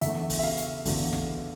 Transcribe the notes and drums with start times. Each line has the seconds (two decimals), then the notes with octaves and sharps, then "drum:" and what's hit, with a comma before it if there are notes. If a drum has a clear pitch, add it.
0.01 E2 D3 A3 E5, drum: hi-hat
0.30 drum: kick, open hi-hat
0.39 E5
0.43 F5
0.57 drum: hi-hat
0.85 E2 D3 A3, drum: kick, open hi-hat
1.13 drum: snare